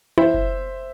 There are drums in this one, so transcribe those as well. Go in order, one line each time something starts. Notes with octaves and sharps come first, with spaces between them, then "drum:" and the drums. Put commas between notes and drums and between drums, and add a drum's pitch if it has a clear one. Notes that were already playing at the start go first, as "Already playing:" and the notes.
E4 C5 E5, drum: tom E3
drum: kick F#1